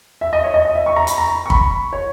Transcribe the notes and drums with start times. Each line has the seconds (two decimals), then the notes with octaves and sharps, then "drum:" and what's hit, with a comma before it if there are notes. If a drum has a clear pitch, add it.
0.21 E5
0.33 D#5
0.44 C#5
0.54 D#5
0.65 D#5
0.75 E5
0.86 C#6
0.96 A#5
1.07 B5, drum: hi-hat
1.18 A#5
1.28 A#5
1.46 C#6
1.50 B5, drum: kick
1.93 C#5